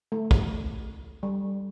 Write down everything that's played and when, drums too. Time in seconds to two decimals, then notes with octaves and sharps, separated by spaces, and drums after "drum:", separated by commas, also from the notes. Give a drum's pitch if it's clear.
0.12 A3
0.31 drum: kick
1.23 G3